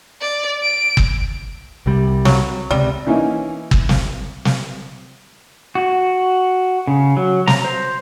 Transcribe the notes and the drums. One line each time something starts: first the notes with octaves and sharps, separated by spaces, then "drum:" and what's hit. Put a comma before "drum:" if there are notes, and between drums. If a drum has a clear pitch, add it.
D5
D7
drum: kick G1
C2 C3 G3
F#3, drum: snare
C#2 C3 G3
E3 A#3 C#4 D#4 E4
drum: kick G1
drum: snare
drum: snare
F#4
C#3
F#3
A#5, drum: snare
C5